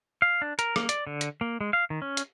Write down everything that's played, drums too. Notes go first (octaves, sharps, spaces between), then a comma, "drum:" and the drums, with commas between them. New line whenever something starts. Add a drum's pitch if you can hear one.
F5
D4
A#4, drum: hi-hat
A#3, drum: rim click
D5, drum: hi-hat
D3
drum: hi-hat
A#3
G#3
F5
D#3
C#4
drum: hi-hat